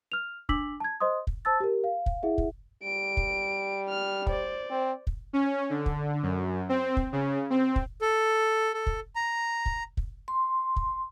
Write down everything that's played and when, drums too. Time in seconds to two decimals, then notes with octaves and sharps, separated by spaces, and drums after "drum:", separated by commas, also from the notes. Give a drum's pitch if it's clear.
0.12 F6 F7
0.49 D4 D6 E6 B6 F#7, drum: kick
0.80 A5 G#6
1.00 C5 D#5 C6 D#6
1.27 drum: kick
1.45 C5 A5 E6 A6
1.60 G4 A#4
1.84 F5
2.06 drum: kick
2.22 E4 G#4 E5 F#5
2.38 drum: kick
2.84 G3 D7
3.17 drum: kick
3.89 F6
4.27 C5 D5, drum: kick
4.70 C4
5.07 drum: kick
5.33 C#4
5.70 D3
5.86 drum: kick
6.23 F#2
6.69 C4
6.97 drum: kick
7.12 C#3
7.50 C4
7.76 drum: kick
8.02 A4
8.74 A4
8.86 drum: kick
9.16 A#5
9.66 drum: kick
9.97 drum: kick
10.28 C6
10.76 drum: kick